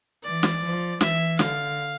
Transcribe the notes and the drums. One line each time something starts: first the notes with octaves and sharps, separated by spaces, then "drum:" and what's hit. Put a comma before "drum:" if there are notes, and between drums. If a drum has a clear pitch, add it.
E3 D5
drum: snare
F3
E3 E5, drum: snare
D3 F5, drum: snare